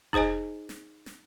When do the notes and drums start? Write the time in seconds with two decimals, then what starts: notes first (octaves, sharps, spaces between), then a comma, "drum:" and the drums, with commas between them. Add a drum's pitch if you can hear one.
0.13 D#4 G#4 C5 D#5 G#5, drum: kick F1
0.69 drum: snare
1.06 drum: snare